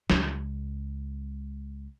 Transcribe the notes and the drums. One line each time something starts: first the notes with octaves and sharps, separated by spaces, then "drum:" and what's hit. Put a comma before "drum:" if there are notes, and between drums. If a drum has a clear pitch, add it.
C#2 G#3, drum: snare